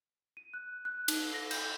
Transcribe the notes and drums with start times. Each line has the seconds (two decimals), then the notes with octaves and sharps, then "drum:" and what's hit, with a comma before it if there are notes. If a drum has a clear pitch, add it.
0.37 D#7
0.54 F#6
0.85 F#6
1.08 D#4, drum: cymbal
1.34 A#6
1.51 G6, drum: cymbal